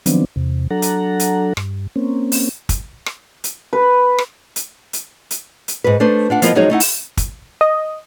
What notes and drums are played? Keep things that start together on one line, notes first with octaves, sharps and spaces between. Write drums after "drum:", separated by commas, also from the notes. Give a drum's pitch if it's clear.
D#3 F3 F#3 B3 C4 D4, drum: hi-hat
E2 C3
F#3 D4 A4 F#5 A#5
drum: hi-hat
drum: hi-hat
G2, drum: rim click
A#3 C4 C#4
drum: open hi-hat
drum: kick, hi-hat
drum: rim click
drum: hi-hat
B4
drum: rim click
drum: hi-hat
drum: hi-hat
drum: hi-hat
drum: hi-hat
G#2 B4
A3 D4 B4 C5
D4 F4 F#5
F3 B3 E4 F4 A#4 D#5, drum: hi-hat
F3 F#3 G#3 D#4 F#4 C#5
A3 D#4 E4 F#5
drum: open hi-hat
drum: kick, hi-hat
D#5